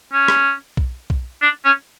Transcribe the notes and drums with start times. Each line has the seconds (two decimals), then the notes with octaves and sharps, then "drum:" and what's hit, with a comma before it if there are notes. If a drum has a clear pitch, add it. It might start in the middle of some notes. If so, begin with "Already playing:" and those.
0.13 C#4
0.28 drum: rim click
0.77 drum: kick
1.10 drum: kick
1.42 D4
1.65 C#4